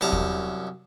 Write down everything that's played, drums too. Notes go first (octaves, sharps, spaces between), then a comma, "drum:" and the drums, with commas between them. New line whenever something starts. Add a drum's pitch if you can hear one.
C2 F#2 A5 A#5
drum: kick